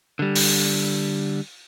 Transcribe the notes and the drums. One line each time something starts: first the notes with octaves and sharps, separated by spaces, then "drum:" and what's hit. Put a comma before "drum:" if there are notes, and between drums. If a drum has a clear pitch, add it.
D3 G3
drum: open hi-hat